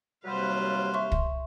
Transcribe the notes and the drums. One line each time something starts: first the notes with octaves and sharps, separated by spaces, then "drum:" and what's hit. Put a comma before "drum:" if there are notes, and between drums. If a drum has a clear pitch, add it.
D#2 C3 F#3 G3 B4 C5 F5
E5 C6 C#6
drum: kick